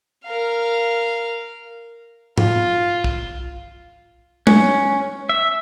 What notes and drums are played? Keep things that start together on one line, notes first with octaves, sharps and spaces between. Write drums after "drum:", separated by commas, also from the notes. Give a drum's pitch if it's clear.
A#4 F5
F4, drum: tom G#2
drum: kick
C#4, drum: tom G#3
E5